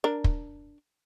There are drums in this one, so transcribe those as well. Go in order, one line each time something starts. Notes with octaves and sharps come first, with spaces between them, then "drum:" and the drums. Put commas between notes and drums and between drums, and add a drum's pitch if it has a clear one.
D4 A#4
drum: kick